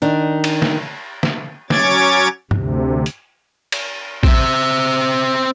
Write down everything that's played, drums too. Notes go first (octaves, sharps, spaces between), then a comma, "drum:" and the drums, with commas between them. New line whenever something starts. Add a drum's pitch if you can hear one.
D#3 D4
drum: cymbal
drum: snare
drum: snare
F#3 C#4 C#5 D6 G#6 A6, drum: snare
D2 C3, drum: tom G2
drum: hi-hat
drum: cymbal
C4 E5, drum: kick